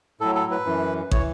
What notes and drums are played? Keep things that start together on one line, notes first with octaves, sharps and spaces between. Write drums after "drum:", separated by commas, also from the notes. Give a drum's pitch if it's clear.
A2 F#3 A4
A4
B4
F#2 E3
E3 C#5, drum: kick